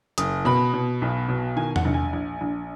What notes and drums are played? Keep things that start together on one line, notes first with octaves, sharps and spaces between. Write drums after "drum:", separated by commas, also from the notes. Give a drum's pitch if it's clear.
F#1 D#6, drum: hi-hat
B2 B5
B2
B1
B2
D#3 G#5
F#5, drum: tom
A#1
G#5
A#1
A#1